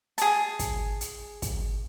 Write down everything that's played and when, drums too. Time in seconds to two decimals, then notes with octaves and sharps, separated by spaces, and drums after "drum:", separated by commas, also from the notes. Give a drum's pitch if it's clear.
0.18 G#4 A5, drum: hi-hat
0.59 drum: kick, hi-hat
1.01 drum: hi-hat
1.42 drum: kick, hi-hat